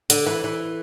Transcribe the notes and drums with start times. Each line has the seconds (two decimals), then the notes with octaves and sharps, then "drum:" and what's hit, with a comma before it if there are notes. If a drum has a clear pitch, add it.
0.10 D3, drum: hi-hat
0.27 E3
0.44 E3